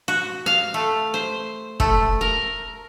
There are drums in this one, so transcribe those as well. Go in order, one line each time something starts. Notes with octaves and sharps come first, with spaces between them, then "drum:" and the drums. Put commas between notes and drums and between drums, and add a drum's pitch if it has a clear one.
F#4
F5
A3
C5
A3, drum: kick
A#4